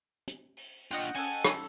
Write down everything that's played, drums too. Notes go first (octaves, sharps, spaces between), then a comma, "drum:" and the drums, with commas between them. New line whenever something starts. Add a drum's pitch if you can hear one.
drum: hi-hat
drum: open hi-hat
D4 F4 D#5 F#5 G5
C#4 A4 G#5, drum: open hi-hat
drum: rim click